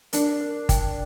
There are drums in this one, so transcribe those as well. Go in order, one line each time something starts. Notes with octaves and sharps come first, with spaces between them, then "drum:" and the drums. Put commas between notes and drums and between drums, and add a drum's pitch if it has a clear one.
D4 A#4, drum: hi-hat
A#4
G5, drum: kick G1, hi-hat